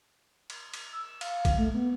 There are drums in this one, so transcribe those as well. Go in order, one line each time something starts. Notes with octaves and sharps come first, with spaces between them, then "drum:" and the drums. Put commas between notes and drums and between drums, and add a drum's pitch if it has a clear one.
drum: cymbal
drum: cymbal
E6
F5, drum: cymbal
drum: kick A1, cymbal
A3
B3